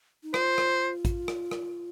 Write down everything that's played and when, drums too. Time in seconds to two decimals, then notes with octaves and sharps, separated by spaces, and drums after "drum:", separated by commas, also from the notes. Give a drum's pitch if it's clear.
0.23 D#4
0.34 F4 C5, drum: rim click
0.58 drum: rim click
1.05 drum: kick A1, hi-hat
1.28 drum: rim click
1.51 drum: rim click